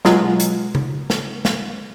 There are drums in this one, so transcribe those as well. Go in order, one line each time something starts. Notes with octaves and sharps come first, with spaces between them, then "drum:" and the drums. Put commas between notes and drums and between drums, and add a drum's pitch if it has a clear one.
B2 F#3 G#3 F4, drum: snare
drum: hi-hat
drum: tom C#3
drum: snare
drum: snare